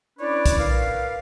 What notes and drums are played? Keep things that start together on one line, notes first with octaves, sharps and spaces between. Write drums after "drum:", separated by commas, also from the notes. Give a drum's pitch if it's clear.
C#4 D4 E4 B4 C#5 D5
drum: kick, hi-hat
A#4 B4 D5 F5